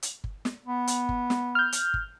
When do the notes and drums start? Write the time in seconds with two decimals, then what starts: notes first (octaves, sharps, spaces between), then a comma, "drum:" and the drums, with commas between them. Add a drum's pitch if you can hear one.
0.02 drum: hi-hat
0.24 drum: kick G1
0.45 drum: snare
0.66 B3
0.87 drum: hi-hat
1.09 drum: kick G1
1.30 drum: snare
1.55 F6 G6
1.72 drum: hi-hat
1.94 drum: kick G1